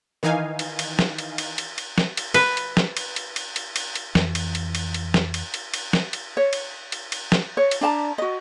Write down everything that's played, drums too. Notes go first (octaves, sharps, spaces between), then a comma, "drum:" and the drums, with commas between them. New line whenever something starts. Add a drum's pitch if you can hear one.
D#3 E3 D#4 F5 G#5
drum: cymbal
drum: cymbal
drum: snare
drum: cymbal
drum: cymbal
drum: cymbal
drum: cymbal
drum: snare
drum: cymbal
B4, drum: cymbal
drum: cymbal
drum: snare
drum: cymbal
drum: cymbal
drum: cymbal
drum: cymbal
drum: cymbal
drum: cymbal
F2 E3, drum: snare
drum: cymbal
drum: cymbal
drum: cymbal
drum: cymbal
drum: snare
drum: cymbal
drum: cymbal
drum: cymbal
drum: snare
drum: cymbal
C#5
drum: cymbal
drum: cymbal
drum: cymbal
drum: snare
C#5
drum: cymbal
D4 D5 A5 A#5
F#4 D#5